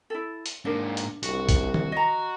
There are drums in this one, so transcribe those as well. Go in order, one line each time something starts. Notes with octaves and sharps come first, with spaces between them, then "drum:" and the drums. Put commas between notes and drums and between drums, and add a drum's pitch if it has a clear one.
E4 A4
drum: hi-hat
G#2 A#3 D4 A#4
drum: hi-hat
C2 F#4, drum: hi-hat
drum: kick, hi-hat
drum: tom
D#5 A#5